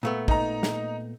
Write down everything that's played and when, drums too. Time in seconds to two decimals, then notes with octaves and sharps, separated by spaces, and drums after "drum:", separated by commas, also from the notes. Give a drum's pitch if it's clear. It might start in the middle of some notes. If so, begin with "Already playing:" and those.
0.03 A#2 A3 B3
0.28 D#4 A#5, drum: kick
0.63 drum: snare